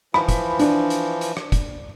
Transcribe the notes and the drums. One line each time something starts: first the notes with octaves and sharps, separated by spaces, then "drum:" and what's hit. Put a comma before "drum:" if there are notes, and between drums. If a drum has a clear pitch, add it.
E3 F3 B5, drum: rim click
drum: kick, hi-hat
D4, drum: hi-hat
drum: hi-hat
drum: hi-hat
drum: rim click
drum: kick, hi-hat